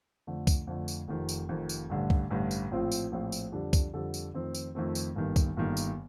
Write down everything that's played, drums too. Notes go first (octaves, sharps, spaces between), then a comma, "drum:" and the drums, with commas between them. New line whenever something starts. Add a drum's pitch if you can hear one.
F2 D3 A3
drum: kick, tambourine
F2 D3 A3
drum: tambourine
F1 F2 D#3
drum: tambourine
F1 F2 D#3
drum: tambourine
A1 G2 D3
drum: kick
A1 G2 D3
drum: tambourine
A#1 A2 F3 C4 F4
drum: tambourine
A#1 A2 F3 C4 F4
drum: tambourine
F2 D3 G3 D4 A4
drum: kick, tambourine
F2 D3 G3 D4 A4
drum: tambourine
F2 D#3 A3 C4
drum: tambourine
F2 D#3 A3 C4
drum: tambourine
G1 G2 D#3 A#3
drum: kick, tambourine
G1 G2 D#3 A#3
drum: tambourine